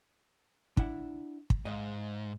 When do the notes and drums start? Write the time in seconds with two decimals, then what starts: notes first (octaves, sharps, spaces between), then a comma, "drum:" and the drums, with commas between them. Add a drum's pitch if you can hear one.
0.77 D4 E4 F#5, drum: kick
1.50 drum: kick
1.65 G#2 D#5 F5